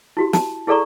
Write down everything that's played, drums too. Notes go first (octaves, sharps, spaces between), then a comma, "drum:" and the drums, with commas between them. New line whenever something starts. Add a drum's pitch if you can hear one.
E4 F#4 G4
A5, drum: snare
E4 G#4 A4 D5 A#5 C#6